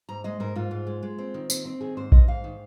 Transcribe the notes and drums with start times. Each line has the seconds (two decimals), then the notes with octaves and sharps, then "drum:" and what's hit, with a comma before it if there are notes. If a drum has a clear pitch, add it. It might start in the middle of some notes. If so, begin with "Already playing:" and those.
0.09 G#2 A#5
0.24 G#3 D#5
0.40 G#2 A#4
0.56 G#2 F4
0.71 G#2
0.87 G#3
1.03 G#3
1.18 C4
1.34 D#3
1.50 C4, drum: tambourine
1.65 C4
1.81 D#3 G#4
1.97 G#2 C5
2.12 G#2 D#5, drum: kick A#1
2.28 G#2 F5
2.44 D#3